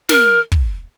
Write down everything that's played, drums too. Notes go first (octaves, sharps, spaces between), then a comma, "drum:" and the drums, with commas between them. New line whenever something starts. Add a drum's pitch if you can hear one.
A#4, drum: snare
drum: kick